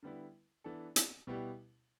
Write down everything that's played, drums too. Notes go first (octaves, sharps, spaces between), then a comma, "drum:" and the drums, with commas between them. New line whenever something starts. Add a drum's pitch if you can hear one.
D3 G3 B3 E4
E3 B3 D4 A4
drum: hi-hat
B2 G3 B3 E4 G4